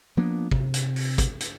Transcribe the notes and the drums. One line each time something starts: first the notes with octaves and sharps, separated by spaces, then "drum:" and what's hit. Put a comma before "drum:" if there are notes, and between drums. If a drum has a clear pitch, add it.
F3 A#3 B3 D4
C3, drum: kick
drum: hi-hat
drum: open hi-hat
drum: kick, hi-hat
drum: hi-hat